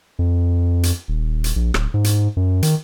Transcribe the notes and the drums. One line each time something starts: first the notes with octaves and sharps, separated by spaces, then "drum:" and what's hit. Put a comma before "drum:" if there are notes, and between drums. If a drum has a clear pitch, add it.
F2
drum: hi-hat
D#1
drum: hi-hat
A#1
D1, drum: rim click
G#2
drum: hi-hat
F#2
D#3, drum: hi-hat